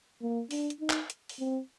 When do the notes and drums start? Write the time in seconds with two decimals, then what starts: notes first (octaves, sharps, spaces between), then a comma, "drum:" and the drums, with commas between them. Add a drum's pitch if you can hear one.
0.22 A#3
0.51 D4, drum: open hi-hat
0.70 drum: hi-hat
0.80 D#4
0.90 drum: clap
1.10 drum: hi-hat
1.29 drum: open hi-hat
1.39 C4